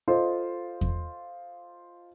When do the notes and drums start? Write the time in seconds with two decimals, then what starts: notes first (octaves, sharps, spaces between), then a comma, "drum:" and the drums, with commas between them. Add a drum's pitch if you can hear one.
0.08 F4 A4 C5 D#5
0.81 drum: kick E2